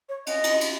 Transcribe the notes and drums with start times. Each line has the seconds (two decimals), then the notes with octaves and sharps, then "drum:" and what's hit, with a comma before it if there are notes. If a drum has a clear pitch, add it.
0.09 C#5
0.27 D#5, drum: cymbal
0.44 drum: cymbal
0.61 drum: cymbal